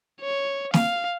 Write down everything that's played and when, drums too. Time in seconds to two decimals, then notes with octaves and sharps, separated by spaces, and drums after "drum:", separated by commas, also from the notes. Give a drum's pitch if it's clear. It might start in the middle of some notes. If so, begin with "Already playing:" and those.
0.21 C#5
0.74 F5, drum: snare